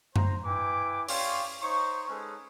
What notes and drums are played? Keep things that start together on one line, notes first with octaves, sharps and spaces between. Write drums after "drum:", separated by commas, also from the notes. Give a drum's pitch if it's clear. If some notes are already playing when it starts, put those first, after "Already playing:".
C5 A#5, drum: tom F#2
E4 B4 G5 G#5 D6
C#4 C#5 D5 F5 G5 C6, drum: open hi-hat
D#4 C5 C#5 A#5 C#6
G#3 C#4 D#4 G#4 A4 B4